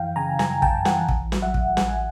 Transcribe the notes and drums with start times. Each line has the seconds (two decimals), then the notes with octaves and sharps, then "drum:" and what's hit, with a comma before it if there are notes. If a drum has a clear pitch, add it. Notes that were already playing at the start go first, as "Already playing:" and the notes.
Already playing: F#2 E3 F5 G5
0.16 C#3 G#5 A#5
0.39 F#2 G#5 A#5, drum: snare
0.62 F#2 G5 A5, drum: kick
0.85 E3 F#5 G#5, drum: snare
1.09 A1, drum: kick
1.32 F#3, drum: snare
1.42 E5 F#5
1.54 A2, drum: kick
1.77 A1 F#5 G#5, drum: snare